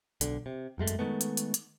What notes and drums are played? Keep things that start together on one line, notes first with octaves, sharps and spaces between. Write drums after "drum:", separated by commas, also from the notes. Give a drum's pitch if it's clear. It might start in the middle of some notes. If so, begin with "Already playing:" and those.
B1 D3, drum: hi-hat
C3
G#1 F#2 G#3 A3
drum: hi-hat
D#3 G#3 A3 B3
drum: hi-hat
drum: hi-hat
drum: hi-hat